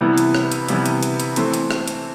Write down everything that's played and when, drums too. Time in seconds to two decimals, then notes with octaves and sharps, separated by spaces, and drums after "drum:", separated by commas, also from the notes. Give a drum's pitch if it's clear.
0.01 C3 E3 G3 B3 E4
0.18 drum: hi-hat
0.35 drum: rim click
0.52 drum: hi-hat
0.68 C3 E3 G3 B3 E4, drum: hi-hat
0.86 drum: hi-hat
1.03 drum: hi-hat
1.20 drum: hi-hat
1.36 E3 A3 C4, drum: hi-hat
1.54 drum: hi-hat
1.71 drum: rim click
1.88 drum: hi-hat